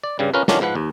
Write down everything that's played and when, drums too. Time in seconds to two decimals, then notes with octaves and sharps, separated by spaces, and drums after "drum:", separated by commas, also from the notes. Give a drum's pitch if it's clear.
0.04 D5
0.19 G2 C#3 G3
0.34 C#4 F4 A#4 B4
0.48 D#3 F#3 C#4 D4 F4, drum: snare
0.61 G#2 F3 B4 F#5
0.75 D#2